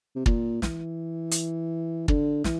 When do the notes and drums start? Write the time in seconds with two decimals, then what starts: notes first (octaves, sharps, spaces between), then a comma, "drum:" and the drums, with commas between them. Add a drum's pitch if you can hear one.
0.15 C3
0.26 A#2, drum: kick
0.62 E3, drum: snare
1.31 drum: hi-hat
2.08 D3, drum: kick
2.44 E3, drum: snare